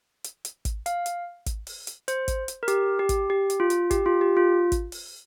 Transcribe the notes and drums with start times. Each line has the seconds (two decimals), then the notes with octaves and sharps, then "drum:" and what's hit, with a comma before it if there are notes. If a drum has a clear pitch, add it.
0.24 drum: hi-hat
0.45 drum: hi-hat
0.65 drum: kick, hi-hat
0.86 F5, drum: hi-hat
1.06 drum: hi-hat
1.46 drum: kick, hi-hat
1.67 drum: open hi-hat
1.87 drum: hi-hat
2.08 C5, drum: hi-hat
2.28 drum: kick, hi-hat
2.48 drum: hi-hat
2.63 A#4
2.68 G4, drum: hi-hat
2.99 G4
3.09 drum: kick, hi-hat
3.30 G4
3.50 drum: hi-hat
3.60 F4
3.70 drum: hi-hat
3.91 G4, drum: kick, hi-hat
4.06 F4
4.21 G4
4.37 F4
4.72 drum: kick, hi-hat
4.92 drum: open hi-hat